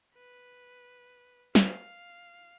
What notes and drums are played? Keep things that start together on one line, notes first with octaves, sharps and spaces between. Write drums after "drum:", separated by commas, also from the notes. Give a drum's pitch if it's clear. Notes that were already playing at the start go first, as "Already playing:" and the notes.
B4
F5, drum: snare